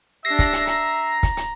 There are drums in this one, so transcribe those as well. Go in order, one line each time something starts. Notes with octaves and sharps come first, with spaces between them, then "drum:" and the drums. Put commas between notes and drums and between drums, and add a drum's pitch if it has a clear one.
D4 G4 E5 A#6 C7
drum: kick, hi-hat
drum: hi-hat
A#5, drum: hi-hat
drum: kick, hi-hat
drum: hi-hat